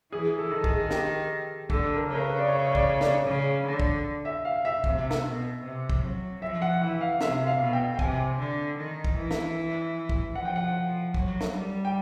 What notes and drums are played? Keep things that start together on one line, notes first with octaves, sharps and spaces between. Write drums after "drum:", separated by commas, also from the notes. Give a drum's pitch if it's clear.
E3 G#4
A4
D#3
G#4, drum: kick
G4, drum: snare
D3 A4, drum: kick
A#4
C#3
A#4
B4
D5
C#5
C#5
D5, drum: kick
D5, drum: snare
C#3
D3
drum: kick
E5
F5
E5
C3, drum: kick
drum: snare
B2
C3
drum: kick
F#3
F3 E5
F#5
E3 F#5
F5
C3 E5, drum: snare
F5
B2
G5
G5
C3 G#5, drum: kick
D3
D#3
drum: kick
E3
drum: snare
drum: kick
F3 F#5
G5
F#5
F#3, drum: kick
drum: snare
G3
G5